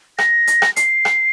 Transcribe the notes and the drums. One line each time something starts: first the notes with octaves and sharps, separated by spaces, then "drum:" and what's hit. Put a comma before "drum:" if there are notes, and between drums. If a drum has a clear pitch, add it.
A#6, drum: rim click
drum: hi-hat
drum: rim click
C7, drum: hi-hat
drum: rim click